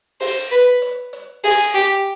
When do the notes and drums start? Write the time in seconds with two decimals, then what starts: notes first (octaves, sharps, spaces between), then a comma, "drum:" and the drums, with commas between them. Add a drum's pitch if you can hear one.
0.20 C5, drum: open hi-hat
0.51 B4
0.82 drum: hi-hat
1.13 drum: hi-hat
1.44 G#4, drum: open hi-hat
1.74 G4